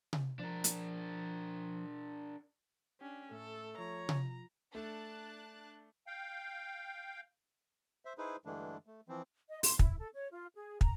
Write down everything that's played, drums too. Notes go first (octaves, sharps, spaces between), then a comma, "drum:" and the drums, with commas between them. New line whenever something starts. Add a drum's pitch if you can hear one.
drum: tom C3
F3 D4 A#4
drum: hi-hat
C#4 D4 G4
A2 A3 A4
F3 C#5 A#5
drum: tom C3
A3 D4 A5 F#6
F5 G5
C5 E5
D#4 E4 G#4 B4 C5
G2 D3 E3 G#3 A3 D4
A3
E3 F3 C4
D#5
C6, drum: open hi-hat
E4, drum: kick
A4
C#5
F4
G#4
A#5, drum: kick